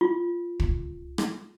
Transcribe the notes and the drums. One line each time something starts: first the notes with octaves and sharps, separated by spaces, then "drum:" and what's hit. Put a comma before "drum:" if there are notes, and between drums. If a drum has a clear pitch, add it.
F4
drum: kick
drum: rim click